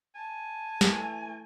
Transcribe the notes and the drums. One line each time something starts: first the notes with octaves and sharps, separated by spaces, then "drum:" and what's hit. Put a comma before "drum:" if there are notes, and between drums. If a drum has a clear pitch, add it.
G#5 A5
E3 A3, drum: snare